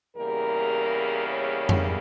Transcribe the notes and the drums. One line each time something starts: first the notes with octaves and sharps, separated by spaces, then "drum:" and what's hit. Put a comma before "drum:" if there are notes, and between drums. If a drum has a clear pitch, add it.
E2 C#3 G3 A#3 A#4
C#5
drum: tom F2